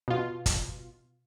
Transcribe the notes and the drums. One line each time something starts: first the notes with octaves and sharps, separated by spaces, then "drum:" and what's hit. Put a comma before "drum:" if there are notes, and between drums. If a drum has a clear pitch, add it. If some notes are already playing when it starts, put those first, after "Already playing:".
B2 F4
drum: kick G1, hi-hat